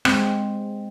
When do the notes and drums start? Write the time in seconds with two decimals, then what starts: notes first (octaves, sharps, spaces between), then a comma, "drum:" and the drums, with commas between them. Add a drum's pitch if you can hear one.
0.05 G#3 C4, drum: rim click